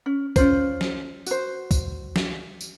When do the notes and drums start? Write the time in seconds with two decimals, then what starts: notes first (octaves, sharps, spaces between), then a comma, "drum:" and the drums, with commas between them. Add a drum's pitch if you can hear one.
0.06 C#4
0.36 C#4 F4 C5, drum: kick, tambourine
0.81 drum: snare
1.26 F#4 C5, drum: tambourine
1.71 drum: kick, tambourine
2.16 drum: snare
2.61 drum: tambourine